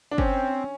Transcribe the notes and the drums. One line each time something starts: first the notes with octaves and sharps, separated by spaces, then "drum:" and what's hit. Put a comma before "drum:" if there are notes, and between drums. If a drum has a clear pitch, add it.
D4
C4 C#4, drum: kick